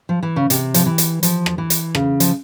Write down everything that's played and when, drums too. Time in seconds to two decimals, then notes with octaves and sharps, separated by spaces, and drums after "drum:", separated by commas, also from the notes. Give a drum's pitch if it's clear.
0.09 F3
0.23 E3
0.36 C#3
0.50 C3, drum: hi-hat
0.74 F3, drum: hi-hat
0.86 E3
0.98 drum: hi-hat
1.23 F3, drum: hi-hat
1.46 drum: rim click
1.58 E3
1.70 drum: hi-hat
1.95 C#3, drum: rim click
2.20 F3, drum: hi-hat